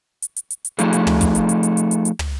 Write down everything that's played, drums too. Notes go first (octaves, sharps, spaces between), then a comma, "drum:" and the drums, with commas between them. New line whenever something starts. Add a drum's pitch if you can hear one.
drum: hi-hat
drum: hi-hat
drum: hi-hat
drum: hi-hat
F3 A3 D#4 F4 G#4 A4, drum: hi-hat
drum: hi-hat
drum: tom
drum: kick, hi-hat
drum: hi-hat
drum: hi-hat
drum: hi-hat
drum: hi-hat
drum: hi-hat
drum: hi-hat
drum: tom